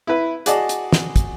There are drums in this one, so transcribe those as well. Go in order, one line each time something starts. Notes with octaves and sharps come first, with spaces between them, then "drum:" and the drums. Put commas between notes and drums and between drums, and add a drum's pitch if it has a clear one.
E4 B4
F#4 G#4 D5 D#5 A5 D6, drum: hi-hat
drum: hi-hat
drum: snare
drum: kick, hi-hat